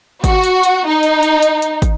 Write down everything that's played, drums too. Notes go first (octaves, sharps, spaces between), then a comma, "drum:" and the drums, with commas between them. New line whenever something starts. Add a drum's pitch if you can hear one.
F#4, drum: kick, hi-hat
drum: hi-hat
drum: hi-hat
D#4
drum: hi-hat
drum: hi-hat
drum: hi-hat
drum: hi-hat
drum: kick, hi-hat